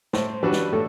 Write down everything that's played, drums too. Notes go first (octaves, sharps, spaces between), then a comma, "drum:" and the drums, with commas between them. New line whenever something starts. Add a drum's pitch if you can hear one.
A2 C5, drum: snare
E3 G3 D4 F#4 B4
drum: snare
A2 A4